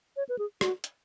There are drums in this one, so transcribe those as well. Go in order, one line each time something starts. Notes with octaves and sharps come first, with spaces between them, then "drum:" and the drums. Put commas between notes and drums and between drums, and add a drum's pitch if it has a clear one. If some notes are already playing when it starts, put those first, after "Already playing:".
C#5
B4
G#4
F#4, drum: rim click
drum: hi-hat